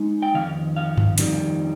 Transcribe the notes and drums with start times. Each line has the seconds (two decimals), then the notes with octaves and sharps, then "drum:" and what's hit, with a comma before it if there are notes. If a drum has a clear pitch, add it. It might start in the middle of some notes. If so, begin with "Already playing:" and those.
Already playing: G#3 D#4
0.22 G5
0.34 F2 D#3 F5
0.76 F5
0.98 drum: tom G2
1.18 F2 D#3 G3, drum: hi-hat